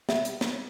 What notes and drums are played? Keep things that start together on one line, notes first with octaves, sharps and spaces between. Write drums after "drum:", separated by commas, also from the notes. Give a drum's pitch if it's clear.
E5, drum: snare
drum: hi-hat
drum: snare